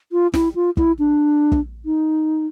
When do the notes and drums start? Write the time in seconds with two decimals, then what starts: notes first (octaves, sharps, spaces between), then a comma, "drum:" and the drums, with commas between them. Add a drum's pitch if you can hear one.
0.12 F4
0.34 E4, drum: snare
0.55 F4
0.77 E4, drum: kick
0.99 D4
1.52 drum: kick
1.85 D#4